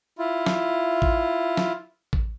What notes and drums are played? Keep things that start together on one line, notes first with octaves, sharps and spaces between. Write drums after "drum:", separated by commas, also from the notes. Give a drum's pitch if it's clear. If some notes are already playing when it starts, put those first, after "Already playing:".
E4 F4
drum: snare
drum: kick A1
drum: snare
drum: kick A1